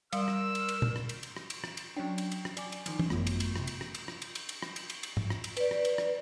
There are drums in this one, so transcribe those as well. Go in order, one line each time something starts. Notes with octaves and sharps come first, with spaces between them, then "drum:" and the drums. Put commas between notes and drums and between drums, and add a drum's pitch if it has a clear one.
G3 A#4 D5 F5 C6 E6, drum: cymbal
drum: rim click
drum: cymbal
drum: cymbal
drum: tom
drum: rim click
drum: cymbal
drum: cymbal
drum: rim click
drum: cymbal
drum: rim click
drum: cymbal
F#3 C#4 D4 G5
drum: cymbal
drum: cymbal
drum: rim click
D5 G#5 D6, drum: cymbal
drum: cymbal
D#3 F3, drum: cymbal
drum: tom
G#1 F#2 A3 B3 F4, drum: rim click
drum: cymbal
drum: cymbal
G1 C3, drum: rim click
drum: cymbal
drum: rim click
drum: cymbal
drum: rim click
drum: cymbal
drum: cymbal
drum: cymbal
drum: rim click
drum: cymbal
drum: cymbal
drum: cymbal
drum: tom G#2
drum: rim click
drum: cymbal
B4 D5, drum: cymbal
drum: rim click
drum: cymbal
drum: rim click